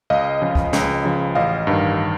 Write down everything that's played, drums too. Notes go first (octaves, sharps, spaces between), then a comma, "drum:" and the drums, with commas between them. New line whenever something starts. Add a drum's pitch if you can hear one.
C#2 D#5 F5
C#3 F3
drum: kick C#2
C#2, drum: snare
C#3 F3
A1 D#5 F5
G2 D#3